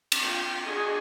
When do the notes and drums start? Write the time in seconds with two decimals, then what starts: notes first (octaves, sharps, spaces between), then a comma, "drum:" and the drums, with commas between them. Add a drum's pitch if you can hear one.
0.12 drum: cymbal
0.23 F4 G5
0.66 D4 F#4 G#4 D#5 G#5